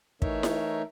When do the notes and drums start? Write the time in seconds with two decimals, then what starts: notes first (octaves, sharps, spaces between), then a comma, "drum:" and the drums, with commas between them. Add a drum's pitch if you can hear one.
0.22 E3 A3 D#4 A#4 C#5 E5, drum: kick
0.43 drum: snare E4